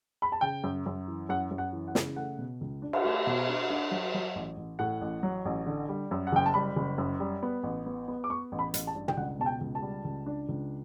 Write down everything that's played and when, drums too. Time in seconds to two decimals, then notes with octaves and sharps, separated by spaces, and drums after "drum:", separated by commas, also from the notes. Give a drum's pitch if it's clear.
0.22 B5
0.32 A5
0.41 C#3 G5
0.63 F#2
0.86 F#2
1.08 E3
1.29 F#2 F#5
1.51 F#2
1.58 F#5
1.73 E3
1.88 F#5
1.95 C#3, drum: snare
2.16 A3 F#5
2.38 B2
2.61 C#2
2.82 D4
2.93 drum: cymbal
3.05 A3 E5
3.27 B2
3.48 D4
3.70 D4
3.91 F#3
4.14 F#3
4.36 A1
4.57 A1
4.79 A2 F#5
5.01 A1
5.23 F#3
5.45 A1
5.66 D3
5.89 G3
6.11 F#2
6.27 F#5
6.32 F#1 G5
6.46 A5
6.54 G3 B5
6.76 F#1
6.98 F#2
7.20 G3
7.43 B3
7.63 A1
7.86 B3
8.08 B3
8.24 D6
8.30 B3 C#6
8.52 A1
8.59 B5
8.74 A1, drum: hi-hat
8.87 A5
8.95 G2
9.08 G5, drum: tom
9.17 C#2 F#5
9.39 B2 A5
9.46 G5
9.61 C#2
9.75 A5
9.82 G3
10.05 C#2
10.26 D4
10.49 C#2